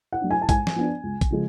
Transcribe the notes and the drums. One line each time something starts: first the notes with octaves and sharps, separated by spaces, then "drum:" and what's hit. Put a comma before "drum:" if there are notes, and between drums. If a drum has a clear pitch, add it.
F#5
F#3 A3 D4
G#5
A5
G#2 G#5, drum: kick A#1, hi-hat
drum: snare
F3 B3 D4
C#2
drum: kick A#1, hi-hat
C#3 F3 G#3